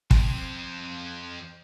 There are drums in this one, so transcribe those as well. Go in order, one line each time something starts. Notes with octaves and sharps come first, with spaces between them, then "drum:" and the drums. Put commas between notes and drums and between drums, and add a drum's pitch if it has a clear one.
F2 C4, drum: kick